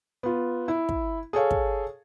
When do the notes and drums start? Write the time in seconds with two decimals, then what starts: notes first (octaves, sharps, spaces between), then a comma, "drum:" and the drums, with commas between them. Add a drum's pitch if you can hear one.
0.23 B3 F4
0.68 E4
0.89 drum: kick
1.33 G#4 A4 C#5 F5
1.51 drum: kick